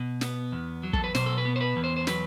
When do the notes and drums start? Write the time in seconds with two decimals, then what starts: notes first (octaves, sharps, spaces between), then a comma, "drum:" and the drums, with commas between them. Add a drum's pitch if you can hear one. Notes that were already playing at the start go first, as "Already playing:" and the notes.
Already playing: B2
0.21 B3, drum: snare
0.52 E2
0.83 F#3
0.93 A4, drum: kick
1.04 B4
1.15 B2 C5, drum: snare
1.26 A4
1.38 B4
1.45 B3
1.56 C5
1.61 B4
1.76 E2
1.84 C5
1.96 C5
2.07 F#3 B4, drum: snare